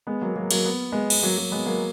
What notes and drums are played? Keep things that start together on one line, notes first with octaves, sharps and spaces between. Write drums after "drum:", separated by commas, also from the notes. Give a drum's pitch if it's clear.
G#3 B3
F#3 A#3
F#3 A#3
F#3 A#3, drum: cymbal
B3
G#3 B3
drum: cymbal
F#3 A#3
F#3 A#3
G#3 B3
F#3 A#3